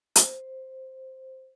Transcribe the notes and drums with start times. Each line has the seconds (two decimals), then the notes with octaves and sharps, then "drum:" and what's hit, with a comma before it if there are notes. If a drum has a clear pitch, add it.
0.16 C5, drum: hi-hat